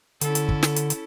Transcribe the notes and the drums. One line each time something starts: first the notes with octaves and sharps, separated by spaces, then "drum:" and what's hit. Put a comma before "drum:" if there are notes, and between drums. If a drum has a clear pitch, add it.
D3 C#4 E4 A4, drum: hi-hat
drum: hi-hat
drum: kick
drum: snare
drum: hi-hat
drum: hi-hat